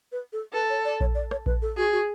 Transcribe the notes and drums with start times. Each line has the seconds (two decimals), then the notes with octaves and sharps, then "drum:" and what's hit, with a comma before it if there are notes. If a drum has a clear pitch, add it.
0.12 B4
0.33 A4
0.53 A4 B4
0.70 C#5
0.85 D5
1.00 C#5, drum: kick A#1
1.15 D5
1.31 C#5, drum: rim click
1.46 B4, drum: kick A#1
1.62 A4
1.77 F#4 G#4
1.92 F#4